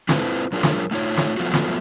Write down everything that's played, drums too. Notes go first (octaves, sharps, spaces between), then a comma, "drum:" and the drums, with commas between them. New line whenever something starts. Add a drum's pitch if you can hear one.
C4 E4 F4 A4 B4 C5, drum: snare
F#3 D4 F4 G#4 A#4 C#5
drum: snare
A3 D#4 F4 C#5
drum: snare
F3 F#3 A3 B3 F4 F#4
drum: snare